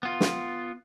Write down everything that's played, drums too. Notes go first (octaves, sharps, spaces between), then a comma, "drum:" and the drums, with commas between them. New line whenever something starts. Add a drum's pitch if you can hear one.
B3 F4
drum: snare